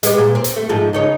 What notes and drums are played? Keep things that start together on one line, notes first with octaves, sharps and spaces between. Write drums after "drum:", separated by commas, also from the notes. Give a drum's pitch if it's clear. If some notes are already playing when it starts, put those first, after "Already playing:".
G#3 B3 G4, drum: hi-hat
A#2
C4
drum: hi-hat
A3
G#2 F3 G#3
C#3 D#4 C#5